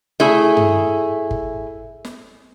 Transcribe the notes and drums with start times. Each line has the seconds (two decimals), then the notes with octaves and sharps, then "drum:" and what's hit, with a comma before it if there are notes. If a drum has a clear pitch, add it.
0.20 A3 E4 G#4
0.57 drum: tom G2
1.31 drum: kick G1
2.05 drum: snare